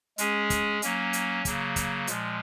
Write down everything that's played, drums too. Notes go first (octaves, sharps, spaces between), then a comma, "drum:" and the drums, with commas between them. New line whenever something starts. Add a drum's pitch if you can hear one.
G#3 C#4 G#4, drum: hi-hat
drum: kick, hi-hat
F#3 A#3 C#4, drum: hi-hat
drum: hi-hat
C#3 F#3 A#3, drum: kick, hi-hat
drum: kick, hi-hat
A#2 F3 G#3, drum: hi-hat